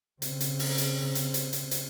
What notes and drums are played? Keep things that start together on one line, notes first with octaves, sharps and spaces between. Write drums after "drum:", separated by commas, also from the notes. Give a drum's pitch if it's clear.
C#3 C4, drum: hi-hat
drum: hi-hat
drum: open hi-hat
drum: hi-hat
drum: hi-hat
drum: hi-hat
drum: hi-hat
drum: hi-hat